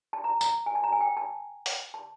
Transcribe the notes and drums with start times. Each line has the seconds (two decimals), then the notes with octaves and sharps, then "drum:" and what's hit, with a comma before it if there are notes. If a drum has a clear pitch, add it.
0.13 A5
0.24 A#5
0.41 A#5, drum: tambourine
0.66 G#5
0.75 A5
0.84 A#5
0.92 G#5
1.01 G5
1.17 A5
1.66 drum: open hi-hat
1.94 A5